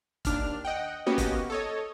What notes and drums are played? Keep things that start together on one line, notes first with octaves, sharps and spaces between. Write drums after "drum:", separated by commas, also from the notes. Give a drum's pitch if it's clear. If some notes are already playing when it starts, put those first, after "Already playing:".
D#2 D4 F6, drum: kick E1, hi-hat
D#5 F#5 G5
A#3 B3 C#4 F#4 G4 D#5
drum: kick E1, hi-hat
A4 C#5 D#5